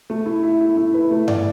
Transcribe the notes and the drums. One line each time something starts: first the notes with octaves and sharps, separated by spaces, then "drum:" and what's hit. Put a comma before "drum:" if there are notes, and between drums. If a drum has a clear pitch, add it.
A3
E4
E4
E4
E4
B4
A3
D5, drum: tom G2